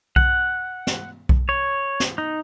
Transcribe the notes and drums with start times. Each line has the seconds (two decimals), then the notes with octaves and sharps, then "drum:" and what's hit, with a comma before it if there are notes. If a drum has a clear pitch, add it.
0.16 F#5, drum: kick B1
0.87 drum: snare
1.29 drum: kick B1
1.49 C#5
2.00 drum: snare
2.18 D#4